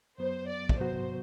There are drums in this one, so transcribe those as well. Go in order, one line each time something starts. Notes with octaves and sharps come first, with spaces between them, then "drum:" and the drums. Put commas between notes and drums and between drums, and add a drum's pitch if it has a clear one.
F#2 F#3 B3 C5
D5
drum: kick
C3 F#3 B3 F#4 C5